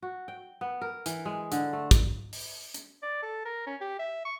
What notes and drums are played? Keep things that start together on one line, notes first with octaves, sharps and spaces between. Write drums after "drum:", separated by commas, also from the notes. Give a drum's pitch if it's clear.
F#4
G5
B3
A#4
E3, drum: hi-hat
G#3
D3, drum: hi-hat
A3
drum: kick, hi-hat
drum: open hi-hat
drum: hi-hat
D5
A4
A#4
C#4
G4
E5
C#6